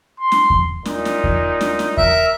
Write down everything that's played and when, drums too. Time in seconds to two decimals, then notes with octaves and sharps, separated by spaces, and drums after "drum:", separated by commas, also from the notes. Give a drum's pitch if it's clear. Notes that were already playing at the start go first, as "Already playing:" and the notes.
0.20 C6
0.32 drum: snare
0.50 drum: kick E2
0.85 A#2 D#4, drum: snare
1.05 drum: snare
1.24 drum: kick E2
1.61 drum: snare
1.79 drum: snare
1.97 A#4 E5, drum: kick E2